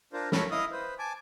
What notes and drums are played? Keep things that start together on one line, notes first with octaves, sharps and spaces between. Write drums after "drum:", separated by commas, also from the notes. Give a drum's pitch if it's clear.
D4 F4 A#4 C5
C#4 A4 A#4 C#5 B5, drum: snare
E4 D#5 F5 D#6
B4 C5
G#5 A5 D6